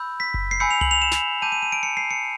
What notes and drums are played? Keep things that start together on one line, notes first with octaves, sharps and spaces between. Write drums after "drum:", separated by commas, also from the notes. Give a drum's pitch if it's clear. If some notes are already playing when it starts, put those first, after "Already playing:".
Already playing: B5 E6 G6
B6
drum: kick F#1
C7
G#5 B5 E6 G6 C#7
F7
F#7, drum: tom C2
F7
E7
drum: snare
A5 D6 G6 D#7
D#7
D#7
D7
C#7
C7
C#7